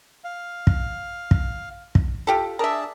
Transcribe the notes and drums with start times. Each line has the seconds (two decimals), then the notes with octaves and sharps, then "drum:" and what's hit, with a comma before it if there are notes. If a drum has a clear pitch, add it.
0.24 F5
0.67 drum: kick
1.31 drum: kick
1.95 drum: kick
2.27 F4 G4 A4
2.59 D4 G#4 A#4 E5 A5